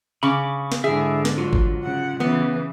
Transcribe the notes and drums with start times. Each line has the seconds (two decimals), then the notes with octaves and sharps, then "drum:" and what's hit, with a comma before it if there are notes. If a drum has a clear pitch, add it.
0.23 C#3 B5 C#6 D6
0.72 drum: snare
0.84 G#2 D3 E4 G#4 E5
1.25 drum: snare
1.38 F#3 F4
1.53 drum: kick G#1
1.83 C#3 F#5
2.20 C#3 E3 B3